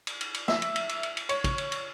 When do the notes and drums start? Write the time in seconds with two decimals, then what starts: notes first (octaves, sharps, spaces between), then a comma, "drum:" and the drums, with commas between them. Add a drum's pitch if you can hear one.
0.07 drum: cymbal
0.21 drum: cymbal
0.34 drum: cymbal
0.48 E5, drum: snare
0.62 drum: cymbal
0.76 drum: cymbal
0.89 drum: cymbal
1.03 drum: cymbal
1.17 drum: cymbal
1.29 C#5, drum: cymbal
1.44 drum: kick, cymbal
1.58 drum: cymbal
1.72 drum: cymbal